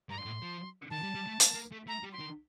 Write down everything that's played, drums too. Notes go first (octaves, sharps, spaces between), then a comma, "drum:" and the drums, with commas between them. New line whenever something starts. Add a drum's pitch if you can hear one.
G2 A#5
C6
A2
F3
D#3 A5
G3
G3
A3
A#3, drum: hi-hat
A#3
A3
A3 A#5
G3
C6
D#3